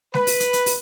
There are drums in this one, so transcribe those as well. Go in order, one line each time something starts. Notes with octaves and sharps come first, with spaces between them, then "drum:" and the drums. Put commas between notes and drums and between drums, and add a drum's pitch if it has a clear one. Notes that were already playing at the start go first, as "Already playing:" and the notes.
B4, drum: snare G#3
drum: open hi-hat
drum: hi-hat
drum: hi-hat
drum: open hi-hat